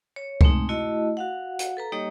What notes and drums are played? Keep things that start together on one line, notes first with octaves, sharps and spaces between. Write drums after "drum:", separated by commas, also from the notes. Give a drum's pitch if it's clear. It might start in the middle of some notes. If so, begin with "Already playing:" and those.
C#5
G#3 A3 C4 D#4, drum: kick C#2
A3 E4 F#4 D#5 A5
F#4 F5 F#5
drum: hi-hat
A4 B4 A#5
G3 A#3 D#4 G4 C#5 D#5